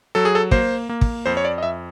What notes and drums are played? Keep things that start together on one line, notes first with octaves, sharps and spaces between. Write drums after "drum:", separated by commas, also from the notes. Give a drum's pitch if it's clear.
F#3 A4
G#4
A4
A#3 C5, drum: kick
A#3
drum: kick
F2 C5
C#5
D5
D#5
F2 E5